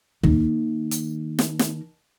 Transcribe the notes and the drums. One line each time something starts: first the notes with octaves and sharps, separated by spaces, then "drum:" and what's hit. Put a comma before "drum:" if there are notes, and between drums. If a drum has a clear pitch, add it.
D#3 A#3, drum: tom
drum: hi-hat
drum: snare
drum: snare